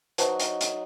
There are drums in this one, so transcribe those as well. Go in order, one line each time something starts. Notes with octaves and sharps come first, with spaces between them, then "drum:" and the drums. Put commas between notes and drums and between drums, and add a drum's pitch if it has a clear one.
F#3 D#4 B4 C5 A5, drum: hi-hat
drum: hi-hat
drum: hi-hat